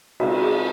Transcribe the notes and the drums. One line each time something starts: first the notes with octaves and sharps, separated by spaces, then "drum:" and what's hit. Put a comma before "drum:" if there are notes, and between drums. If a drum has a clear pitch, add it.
C#3 G#3 C4 D#4 F#4, drum: cymbal
F#4
G#4